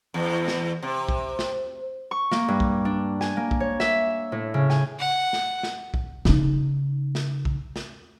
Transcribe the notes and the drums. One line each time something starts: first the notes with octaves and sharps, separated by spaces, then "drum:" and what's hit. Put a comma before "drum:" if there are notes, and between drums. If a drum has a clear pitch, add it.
E2
drum: snare
C3
drum: kick
drum: snare
C#6
A#3, drum: snare
G2
drum: kick
D4
G#5, drum: snare
A#3
drum: kick
C#5
E5, drum: snare
A2
C#3
G#5, drum: snare
F#5
drum: snare
drum: snare
drum: kick
C#3 D#4, drum: snare
drum: snare
drum: kick
drum: snare